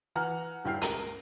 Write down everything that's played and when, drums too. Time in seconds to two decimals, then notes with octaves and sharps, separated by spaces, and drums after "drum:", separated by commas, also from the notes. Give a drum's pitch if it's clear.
0.16 E3 F#5 A#5 F6
0.65 D#1 G2 E4 G5 F6 C7
0.81 C#2 A#4, drum: hi-hat